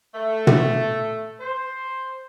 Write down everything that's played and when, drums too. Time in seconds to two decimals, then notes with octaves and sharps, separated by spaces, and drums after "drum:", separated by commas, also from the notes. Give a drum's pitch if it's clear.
0.15 A3
0.47 drum: tom
1.40 C5